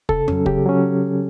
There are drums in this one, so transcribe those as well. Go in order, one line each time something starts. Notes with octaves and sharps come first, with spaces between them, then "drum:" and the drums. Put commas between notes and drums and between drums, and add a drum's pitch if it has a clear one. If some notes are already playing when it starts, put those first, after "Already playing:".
C#3 A4, drum: kick
F#3 C#4, drum: tom F2
C#3 G4, drum: kick
F#3 C#4